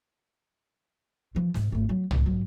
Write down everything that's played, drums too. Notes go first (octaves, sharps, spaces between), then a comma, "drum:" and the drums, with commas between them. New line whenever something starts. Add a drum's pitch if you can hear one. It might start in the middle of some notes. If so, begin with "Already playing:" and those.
E3 F3
G#2 G#3, drum: snare
G#1 A3
F#3
C#2 A2, drum: tom
G#2 F#3